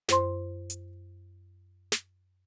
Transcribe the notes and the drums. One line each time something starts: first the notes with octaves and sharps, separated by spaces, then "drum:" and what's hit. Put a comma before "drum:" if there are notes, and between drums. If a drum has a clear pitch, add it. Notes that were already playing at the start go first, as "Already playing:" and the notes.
F#2 C5 C6, drum: snare
drum: hi-hat
drum: snare